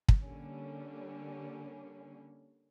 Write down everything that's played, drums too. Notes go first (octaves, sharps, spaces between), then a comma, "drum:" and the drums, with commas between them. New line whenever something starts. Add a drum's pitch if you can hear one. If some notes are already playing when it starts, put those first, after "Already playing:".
drum: kick
D3 G3 A#3 C#4